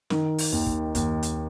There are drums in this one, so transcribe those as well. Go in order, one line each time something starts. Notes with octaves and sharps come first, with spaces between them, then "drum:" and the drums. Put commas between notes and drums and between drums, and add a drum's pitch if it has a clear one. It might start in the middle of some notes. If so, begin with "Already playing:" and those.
D#3, drum: snare
drum: open hi-hat
D#2
drum: kick
D#2, drum: kick, hi-hat
drum: hi-hat